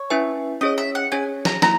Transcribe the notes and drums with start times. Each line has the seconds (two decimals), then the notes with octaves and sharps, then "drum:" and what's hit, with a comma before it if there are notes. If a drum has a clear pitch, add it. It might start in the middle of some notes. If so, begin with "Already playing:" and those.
Already playing: C#5
0.10 C#4 E4 B4 E5 G#5
0.61 C#4 G#4 C#5 D#5
0.78 E5
0.95 F#5
1.12 C#4 G#4 C#5 G#5
1.45 A#5, drum: snare
1.62 A#3 E4 A#5, drum: snare